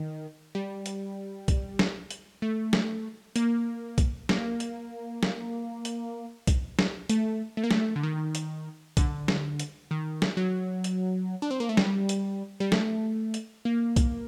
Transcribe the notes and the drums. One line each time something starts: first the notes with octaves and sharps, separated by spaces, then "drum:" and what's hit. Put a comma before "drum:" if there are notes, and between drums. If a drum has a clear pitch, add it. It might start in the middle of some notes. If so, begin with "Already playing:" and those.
Already playing: D#3
G3
drum: hi-hat
drum: kick B1, hi-hat
drum: snare
drum: hi-hat
A3
drum: snare
A#3, drum: hi-hat
drum: kick B1, hi-hat
A#3, drum: snare
drum: hi-hat
drum: snare
drum: hi-hat
drum: kick B1, hi-hat
drum: snare
A3, drum: hi-hat
A3
A#3
A3, drum: snare
D3
D#3
drum: hi-hat
D3, drum: kick B1, hi-hat
drum: snare
drum: hi-hat
D#3
drum: snare
F#3
drum: hi-hat
D4
C4
A#3
A3
G3, drum: snare
drum: hi-hat
G3
A3, drum: snare
drum: hi-hat
A#3
drum: kick B1, hi-hat